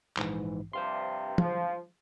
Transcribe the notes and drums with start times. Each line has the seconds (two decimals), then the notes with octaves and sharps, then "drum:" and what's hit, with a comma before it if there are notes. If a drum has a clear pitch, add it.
0.17 A#1 G#2 E3, drum: clap
0.73 G2 C3 C5 F5 C6
1.38 F3, drum: tom